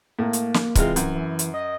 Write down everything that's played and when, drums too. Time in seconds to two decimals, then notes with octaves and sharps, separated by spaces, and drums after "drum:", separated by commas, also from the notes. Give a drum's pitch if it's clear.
0.19 A2 A#3
0.33 drum: hi-hat
0.54 drum: snare
0.75 C3 E3 G#3 F4, drum: kick, hi-hat
0.96 F#2, drum: hi-hat
1.14 E3
1.39 drum: hi-hat
1.54 D#5